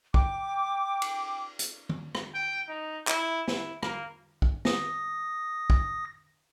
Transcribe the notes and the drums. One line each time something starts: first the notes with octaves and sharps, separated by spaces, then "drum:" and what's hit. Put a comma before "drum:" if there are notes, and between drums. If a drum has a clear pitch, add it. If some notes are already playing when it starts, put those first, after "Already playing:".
G5 D6, drum: kick
drum: cymbal
drum: hi-hat
drum: tom E3
drum: rim click
G5
D#4
E4, drum: clap
E4, drum: snare
A#3, drum: rim click
drum: kick
D#6 A#6, drum: snare
drum: kick